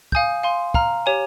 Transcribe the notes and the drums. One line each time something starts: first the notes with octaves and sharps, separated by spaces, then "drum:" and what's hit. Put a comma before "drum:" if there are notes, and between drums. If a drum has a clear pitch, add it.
F5 G#5 D#6 G6, drum: kick
F5 G#5 C6
F5 A#5 F6, drum: kick
G4 C#5 G#5